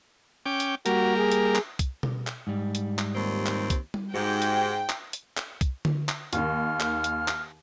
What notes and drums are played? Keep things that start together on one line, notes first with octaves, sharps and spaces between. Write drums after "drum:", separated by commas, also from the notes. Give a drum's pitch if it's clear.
C#4 G5 D6
drum: hi-hat
G3 A#3 F#4 A#4, drum: hi-hat
G#4
drum: hi-hat
drum: clap
drum: kick, hi-hat
drum: tom B2
drum: clap
G#2 G3
drum: hi-hat
drum: clap
D#2 A#2 C4
drum: clap
drum: kick, hi-hat
drum: tom G3
G#2 F#4 G4 G5
drum: hi-hat
drum: clap
drum: hi-hat
drum: clap
drum: kick, hi-hat
drum: tom D3
drum: clap
D#2 D#3 F6, drum: hi-hat
drum: clap
drum: hi-hat
drum: clap